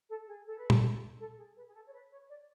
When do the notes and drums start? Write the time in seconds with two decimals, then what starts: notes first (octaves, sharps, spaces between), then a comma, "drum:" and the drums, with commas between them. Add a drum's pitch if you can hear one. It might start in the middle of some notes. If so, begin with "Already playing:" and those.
0.09 A4
0.28 G#4
0.46 A4
0.58 B4
0.70 A4, drum: tom A#2
1.19 A4
1.38 G#4
1.56 B4
1.67 G#4
1.74 A4
1.87 C#5
1.92 B4
2.11 C#5
2.29 D5